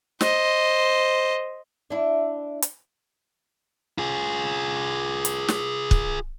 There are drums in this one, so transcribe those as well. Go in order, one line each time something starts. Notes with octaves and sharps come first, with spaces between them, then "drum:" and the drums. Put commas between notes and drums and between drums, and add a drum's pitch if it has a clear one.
C5 D#5, drum: snare
D4 E4
drum: hi-hat
F4 G#4
drum: hi-hat
drum: snare
drum: kick